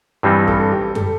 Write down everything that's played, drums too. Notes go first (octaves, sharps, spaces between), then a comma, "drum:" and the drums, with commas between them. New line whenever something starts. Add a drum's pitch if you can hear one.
G2 E3 G3 C4 D#4 G4
A4, drum: kick
G4
A4, drum: tom F#2